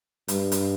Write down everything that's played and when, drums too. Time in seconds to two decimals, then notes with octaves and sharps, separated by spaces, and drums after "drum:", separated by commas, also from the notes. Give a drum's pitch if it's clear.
0.28 G2, drum: hi-hat
0.52 drum: hi-hat